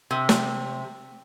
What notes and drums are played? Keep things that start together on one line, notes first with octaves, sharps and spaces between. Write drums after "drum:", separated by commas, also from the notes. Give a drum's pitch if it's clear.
C3
drum: snare